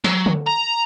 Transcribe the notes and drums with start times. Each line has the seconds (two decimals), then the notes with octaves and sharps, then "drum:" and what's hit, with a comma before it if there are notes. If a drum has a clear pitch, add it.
0.04 F#3, drum: snare
0.26 drum: tom D3
0.46 A#5